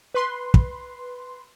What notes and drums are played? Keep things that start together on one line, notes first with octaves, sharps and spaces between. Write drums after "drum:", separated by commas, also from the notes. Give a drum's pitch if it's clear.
B4 C6
drum: kick